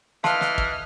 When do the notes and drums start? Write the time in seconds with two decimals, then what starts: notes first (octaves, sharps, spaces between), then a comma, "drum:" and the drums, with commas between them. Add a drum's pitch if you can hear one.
0.24 E3 D#5 F5 A5 C6 F6, drum: snare
0.41 drum: snare
0.58 drum: kick